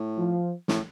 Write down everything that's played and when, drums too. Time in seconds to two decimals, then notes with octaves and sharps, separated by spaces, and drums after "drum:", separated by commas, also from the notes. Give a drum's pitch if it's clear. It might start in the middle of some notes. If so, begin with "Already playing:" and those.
Already playing: A2
0.18 F3
0.68 A2, drum: snare